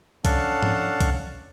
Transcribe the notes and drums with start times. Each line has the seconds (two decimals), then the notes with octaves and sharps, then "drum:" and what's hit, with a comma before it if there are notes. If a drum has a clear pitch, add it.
0.25 C#4 D4 A4 F5 F#5 A5, drum: kick C2, hi-hat
0.63 drum: tom G#2
1.00 drum: kick C2, hi-hat